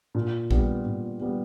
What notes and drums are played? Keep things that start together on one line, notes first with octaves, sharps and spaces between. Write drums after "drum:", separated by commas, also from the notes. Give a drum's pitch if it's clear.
A#2
G3 B3, drum: kick A#1
A#2
G3 B3